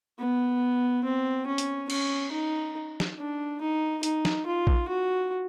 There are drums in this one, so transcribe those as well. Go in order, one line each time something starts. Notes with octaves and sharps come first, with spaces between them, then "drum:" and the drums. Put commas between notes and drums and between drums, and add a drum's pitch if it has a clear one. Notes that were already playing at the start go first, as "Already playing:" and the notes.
B3
C4
C#4
drum: hi-hat
C#4, drum: cymbal
D#4
drum: snare
D4
D#4
D#4, drum: hi-hat
drum: snare
F4
drum: kick A#1
F#4